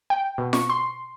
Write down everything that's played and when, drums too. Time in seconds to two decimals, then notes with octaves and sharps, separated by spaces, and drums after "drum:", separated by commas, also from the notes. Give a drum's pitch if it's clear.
0.10 G5
0.38 B2
0.53 C#6, drum: snare F4
0.70 C6